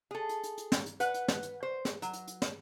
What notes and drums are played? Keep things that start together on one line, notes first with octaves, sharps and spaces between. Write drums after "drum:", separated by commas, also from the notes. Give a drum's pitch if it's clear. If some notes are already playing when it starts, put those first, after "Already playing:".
G#4 A4
drum: hi-hat
drum: hi-hat
drum: hi-hat
drum: snare
drum: hi-hat
B4 F#5, drum: hi-hat
drum: hi-hat
drum: snare
drum: hi-hat
C5
drum: snare
F#3, drum: hi-hat
drum: hi-hat
drum: hi-hat
drum: snare